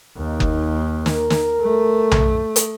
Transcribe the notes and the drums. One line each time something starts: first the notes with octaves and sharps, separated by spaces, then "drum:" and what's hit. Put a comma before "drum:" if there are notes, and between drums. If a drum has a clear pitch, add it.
D#2 A#3 D#4
drum: kick F#1
A#4, drum: snare
drum: snare
A3
drum: tom B1
drum: hi-hat